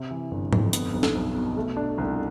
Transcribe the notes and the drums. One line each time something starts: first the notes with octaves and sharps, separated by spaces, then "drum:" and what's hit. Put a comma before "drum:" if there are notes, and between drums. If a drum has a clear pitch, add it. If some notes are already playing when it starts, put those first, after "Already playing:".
Already playing: C3
E3
G1
F2, drum: tom
B3, drum: hi-hat
B1
drum: snare
B1
B2
A3
D4
C2